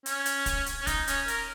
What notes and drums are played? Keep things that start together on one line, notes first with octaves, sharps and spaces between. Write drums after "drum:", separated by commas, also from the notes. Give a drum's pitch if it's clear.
C#4, drum: hi-hat
drum: hi-hat
drum: kick, hi-hat
drum: hi-hat
C#4
D#4, drum: kick, hi-hat
C#4, drum: hi-hat
A#4, drum: hi-hat